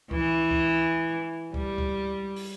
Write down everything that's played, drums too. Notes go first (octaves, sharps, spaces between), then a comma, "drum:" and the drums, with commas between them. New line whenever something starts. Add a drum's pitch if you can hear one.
E3, drum: kick C#2
drum: kick C#2
G3, drum: kick C#2
drum: kick C#2
drum: open hi-hat